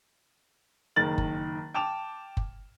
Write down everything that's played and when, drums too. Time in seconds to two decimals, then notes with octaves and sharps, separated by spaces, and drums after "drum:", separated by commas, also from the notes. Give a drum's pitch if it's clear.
0.96 F#1 D#3 A#4 A6 F#7
1.18 drum: kick F#1
1.74 G5 A5 D6 E7 F7
2.37 drum: kick F#1